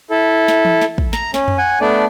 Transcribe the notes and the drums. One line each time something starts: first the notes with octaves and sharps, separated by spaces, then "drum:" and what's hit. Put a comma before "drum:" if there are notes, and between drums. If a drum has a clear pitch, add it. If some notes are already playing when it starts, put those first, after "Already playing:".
E4 A4
drum: snare
drum: tom E3
drum: snare
drum: kick
A#5, drum: snare
C#4, drum: snare
drum: tom F2
F#5 G#5
A3 B3 D4 D5